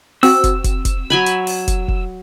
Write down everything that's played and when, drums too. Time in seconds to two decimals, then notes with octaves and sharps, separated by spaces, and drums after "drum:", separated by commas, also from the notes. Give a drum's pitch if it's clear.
0.23 C4 F#4 E6, drum: open hi-hat
0.44 drum: kick, hi-hat
0.64 drum: kick, hi-hat
0.85 drum: kick, hi-hat
1.10 F#3 G#5 B5
1.26 drum: hi-hat
1.47 drum: open hi-hat
1.68 drum: kick, hi-hat
1.88 drum: kick